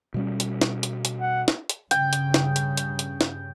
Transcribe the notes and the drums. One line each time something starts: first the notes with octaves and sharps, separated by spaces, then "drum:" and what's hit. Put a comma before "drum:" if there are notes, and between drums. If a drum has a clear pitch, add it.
B2 G3 C#4
drum: hi-hat
drum: snare
drum: hi-hat
drum: hi-hat
F#5
drum: snare
drum: hi-hat
G2 C#3 G5, drum: hi-hat
drum: hi-hat
drum: snare
drum: hi-hat
drum: hi-hat
drum: hi-hat
drum: snare